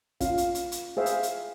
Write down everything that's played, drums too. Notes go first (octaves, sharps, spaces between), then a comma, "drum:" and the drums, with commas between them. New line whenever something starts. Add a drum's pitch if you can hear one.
C#4 F4 F5, drum: kick, hi-hat
drum: hi-hat
drum: hi-hat
drum: hi-hat
G#4 C5 E5 F5
drum: hi-hat
drum: hi-hat